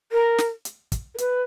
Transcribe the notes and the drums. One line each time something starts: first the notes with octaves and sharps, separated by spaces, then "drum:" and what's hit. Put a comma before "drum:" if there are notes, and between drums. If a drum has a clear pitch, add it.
A#4
drum: snare
drum: hi-hat
drum: kick, hi-hat
A#4
B4, drum: hi-hat